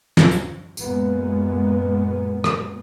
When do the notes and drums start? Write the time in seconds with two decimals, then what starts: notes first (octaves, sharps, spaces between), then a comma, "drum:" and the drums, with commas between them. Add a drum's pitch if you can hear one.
0.17 drum: snare
0.31 drum: hi-hat
0.77 F#2 A#2 G#3 A#3 B3, drum: tambourine
2.44 drum: rim click